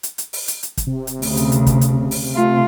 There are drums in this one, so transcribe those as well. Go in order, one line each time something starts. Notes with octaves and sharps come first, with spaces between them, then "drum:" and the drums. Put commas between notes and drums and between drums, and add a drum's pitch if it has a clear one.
drum: hi-hat
drum: hi-hat
drum: open hi-hat
drum: hi-hat
drum: hi-hat
drum: kick, hi-hat
C3
drum: hi-hat
D2 C#3, drum: open hi-hat
drum: hi-hat
drum: hi-hat
drum: kick, hi-hat
drum: hi-hat
drum: open hi-hat
A3 F4